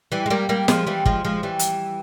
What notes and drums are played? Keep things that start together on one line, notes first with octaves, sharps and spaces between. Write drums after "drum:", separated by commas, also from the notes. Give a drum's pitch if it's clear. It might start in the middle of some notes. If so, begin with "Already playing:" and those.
E3 G3
G#3
G3 A#3
G3 A#3
F3 G#3, drum: snare
E3 G3
F3 G#3, drum: kick
F3 G#3
E3 G3
drum: hi-hat